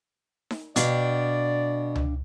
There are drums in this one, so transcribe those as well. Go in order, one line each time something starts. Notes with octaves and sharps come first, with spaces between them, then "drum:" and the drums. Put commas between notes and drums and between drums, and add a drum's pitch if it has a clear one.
drum: snare D#4
B2 D4 D5 F5 G5, drum: hi-hat
drum: tom C#2